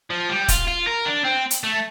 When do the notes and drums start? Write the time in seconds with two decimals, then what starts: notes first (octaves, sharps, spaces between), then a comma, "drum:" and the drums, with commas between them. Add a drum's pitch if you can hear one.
0.10 F3
0.29 G3
0.48 F4, drum: kick, hi-hat
0.67 F4
0.87 A#4
1.06 D4
1.25 C4
1.51 drum: hi-hat
1.64 A3